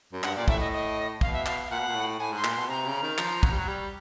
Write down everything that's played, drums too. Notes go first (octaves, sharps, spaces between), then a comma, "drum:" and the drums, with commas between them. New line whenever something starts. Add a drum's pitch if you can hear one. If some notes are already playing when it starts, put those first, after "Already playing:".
F#2
G2 F#5, drum: clap
A#2 D5
A2 E5, drum: kick
D#5
D#5
B2 F5, drum: kick
E5
F5, drum: clap
F5
A#2 F#5
B2
A#2
A2
A2 G#5
G#2 C6
A#2, drum: clap
B2 C6
C3 A#5
C#3
D#3
F3, drum: clap
F#3, drum: kick
G3
F#3
G3